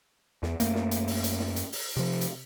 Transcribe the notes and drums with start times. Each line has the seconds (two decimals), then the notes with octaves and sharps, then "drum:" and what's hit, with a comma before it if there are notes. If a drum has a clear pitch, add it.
0.43 E2, drum: snare
0.60 F#2 A3 A#3, drum: hi-hat
0.75 drum: snare
0.91 drum: hi-hat
1.08 drum: open hi-hat
1.24 drum: hi-hat
1.40 drum: snare
1.56 drum: hi-hat
1.72 drum: open hi-hat
1.97 C3 F3
2.21 drum: hi-hat